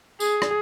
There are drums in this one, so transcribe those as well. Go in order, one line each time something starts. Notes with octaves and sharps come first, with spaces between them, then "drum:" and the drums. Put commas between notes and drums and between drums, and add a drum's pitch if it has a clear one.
G#4, drum: tambourine
drum: rim click